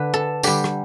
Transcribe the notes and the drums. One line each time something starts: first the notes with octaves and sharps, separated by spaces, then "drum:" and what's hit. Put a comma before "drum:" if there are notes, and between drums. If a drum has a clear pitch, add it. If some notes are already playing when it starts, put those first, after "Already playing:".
Already playing: D3 B4
A4
D3 G3 G4, drum: tambourine
drum: rim click